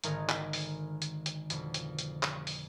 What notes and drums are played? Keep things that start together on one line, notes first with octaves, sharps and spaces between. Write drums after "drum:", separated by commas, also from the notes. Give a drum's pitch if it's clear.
G#1 D3 D#3 A#4 D#5 G#6, drum: hi-hat
drum: clap
drum: open hi-hat
drum: hi-hat
drum: hi-hat
F2 B2 D3, drum: hi-hat
drum: hi-hat
drum: hi-hat
drum: clap
drum: open hi-hat